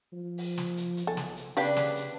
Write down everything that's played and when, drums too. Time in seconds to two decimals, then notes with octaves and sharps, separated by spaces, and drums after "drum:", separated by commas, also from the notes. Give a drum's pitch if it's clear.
0.13 F3
0.38 drum: open hi-hat
0.58 drum: snare
0.77 drum: hi-hat
0.97 drum: hi-hat
1.07 B1 A4 G#5
1.17 drum: snare
1.37 drum: hi-hat
1.57 C#3 D4 G4 B4 F5 G5, drum: open hi-hat
1.76 drum: snare
1.96 drum: hi-hat